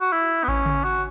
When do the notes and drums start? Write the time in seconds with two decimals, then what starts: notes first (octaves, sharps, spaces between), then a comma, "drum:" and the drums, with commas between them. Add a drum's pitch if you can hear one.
0.01 F#4
0.12 E4
0.44 B3
0.48 C#4, drum: kick A1
0.66 drum: tom C#3
0.84 F#4